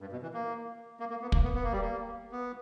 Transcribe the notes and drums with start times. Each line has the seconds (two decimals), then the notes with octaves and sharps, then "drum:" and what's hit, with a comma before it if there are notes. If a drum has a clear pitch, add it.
0.01 G2
0.12 B2
0.22 E3
0.33 A#3
1.00 A#3
1.10 A#3
1.22 B3
1.32 A#3, drum: kick
1.44 B3
1.55 B3
1.64 A#3
1.72 G3
1.81 A#3
2.32 B3